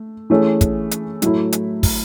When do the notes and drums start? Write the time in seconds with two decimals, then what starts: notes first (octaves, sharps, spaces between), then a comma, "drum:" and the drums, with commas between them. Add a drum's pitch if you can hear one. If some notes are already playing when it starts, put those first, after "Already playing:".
Already playing: A3
0.30 E3 A3 C#4 G#4 C#5
0.61 drum: kick, hi-hat
0.91 drum: hi-hat
1.22 A2 F#3 A3 E4, drum: hi-hat
1.52 drum: hi-hat
1.83 drum: kick, open hi-hat